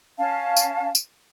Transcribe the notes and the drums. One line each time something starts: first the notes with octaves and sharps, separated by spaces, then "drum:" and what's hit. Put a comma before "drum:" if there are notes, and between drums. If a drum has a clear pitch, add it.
C#4 F5 A5
drum: tambourine
drum: tambourine